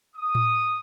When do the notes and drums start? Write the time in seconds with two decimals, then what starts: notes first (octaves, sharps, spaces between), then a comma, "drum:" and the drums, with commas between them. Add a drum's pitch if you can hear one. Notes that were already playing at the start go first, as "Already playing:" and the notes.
0.16 D#6
0.35 drum: tom A2